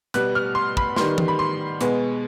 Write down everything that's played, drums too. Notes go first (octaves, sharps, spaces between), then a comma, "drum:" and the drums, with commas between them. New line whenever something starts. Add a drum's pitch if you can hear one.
B2 G3 B3 F#6, drum: hi-hat
F6
C6
B5, drum: kick
D#3 G3 B3 C6, drum: snare
drum: tom E3
B5
C6
B2 G#3 B3, drum: hi-hat